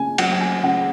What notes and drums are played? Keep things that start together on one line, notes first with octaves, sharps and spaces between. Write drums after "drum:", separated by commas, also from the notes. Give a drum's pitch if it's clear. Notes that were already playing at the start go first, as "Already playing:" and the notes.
Already playing: C#3 A#3 G#5
F#3 F#5, drum: cymbal
F#5
G#5
C#3 F#5